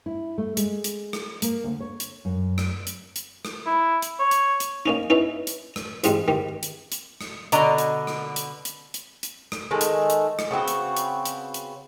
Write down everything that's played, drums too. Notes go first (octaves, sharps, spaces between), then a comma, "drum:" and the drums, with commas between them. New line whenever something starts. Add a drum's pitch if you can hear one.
E4
A3
G#3, drum: hi-hat
drum: hi-hat
drum: rim click
A#3, drum: hi-hat
D2
C#5
drum: hi-hat
F#2
drum: rim click
drum: hi-hat
drum: hi-hat
drum: rim click
E4
drum: hi-hat
C#5
drum: hi-hat
drum: hi-hat
A#3 C#4 D#4
C#4 D#4 E4 B4
drum: hi-hat
drum: rim click
A1 G#2 G3 G#3, drum: hi-hat
D#3 G3
drum: hi-hat
drum: hi-hat
drum: rim click
B2 D3 D#5 A#5, drum: hi-hat
drum: hi-hat
drum: rim click
drum: hi-hat
drum: hi-hat
drum: hi-hat
drum: hi-hat
drum: rim click
D#3 G#3 A3 A4
drum: hi-hat
drum: hi-hat
drum: rim click
C#3 B3 C4 F#4
drum: hi-hat
drum: hi-hat
drum: hi-hat
drum: hi-hat